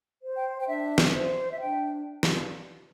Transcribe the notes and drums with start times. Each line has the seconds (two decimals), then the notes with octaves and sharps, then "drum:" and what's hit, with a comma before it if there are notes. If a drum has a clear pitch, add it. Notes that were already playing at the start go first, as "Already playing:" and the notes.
0.20 C5
0.35 G5
0.60 G5
0.67 D4 E5
0.98 drum: snare
1.14 C5
1.51 E5
1.61 D4 G5
2.23 drum: snare